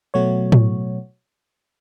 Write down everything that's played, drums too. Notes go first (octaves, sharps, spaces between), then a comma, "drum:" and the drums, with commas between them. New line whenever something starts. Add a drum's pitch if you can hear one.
B2 F#3 A3 F#4 C#5
drum: tom A2